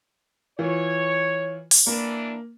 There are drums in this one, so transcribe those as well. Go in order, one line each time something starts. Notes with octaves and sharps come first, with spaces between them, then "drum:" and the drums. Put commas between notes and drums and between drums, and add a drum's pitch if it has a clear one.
E3 F4 C#5
drum: open hi-hat
E3 A#3 D4